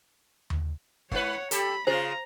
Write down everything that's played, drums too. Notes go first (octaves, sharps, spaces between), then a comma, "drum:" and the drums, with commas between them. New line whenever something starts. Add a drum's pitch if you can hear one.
drum: tom D#2
G#3 E4 B4 C#5 F#5, drum: kick
G4 A4 B5, drum: hi-hat
C#3 F4 G#4 C5 A#5